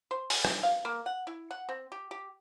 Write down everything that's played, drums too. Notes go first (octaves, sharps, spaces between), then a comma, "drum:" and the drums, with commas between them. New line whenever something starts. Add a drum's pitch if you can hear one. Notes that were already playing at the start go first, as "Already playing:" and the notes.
C5
G#5, drum: open hi-hat
G5, drum: rim click
F5
A#3
F#5
E4
F#5
C4
G4
G4